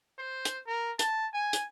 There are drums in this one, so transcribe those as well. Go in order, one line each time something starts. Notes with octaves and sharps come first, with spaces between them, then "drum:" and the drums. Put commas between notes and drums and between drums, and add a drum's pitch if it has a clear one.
C5
drum: hi-hat
A#4
A5, drum: hi-hat
G#5
drum: hi-hat